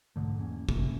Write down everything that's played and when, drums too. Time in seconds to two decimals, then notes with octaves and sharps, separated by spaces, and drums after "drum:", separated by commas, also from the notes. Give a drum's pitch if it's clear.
0.16 B1 G#2 D3 A3
0.39 E2 A#3 C#4
0.69 A#1 C3 A#3 C#4, drum: kick